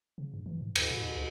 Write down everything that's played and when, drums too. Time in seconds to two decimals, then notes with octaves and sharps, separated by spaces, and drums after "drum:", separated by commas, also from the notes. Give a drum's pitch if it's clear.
0.18 C#3
0.34 G2
0.46 E3
0.61 G#2
0.76 D#2, drum: cymbal
0.91 A2
1.02 E2
1.15 C#2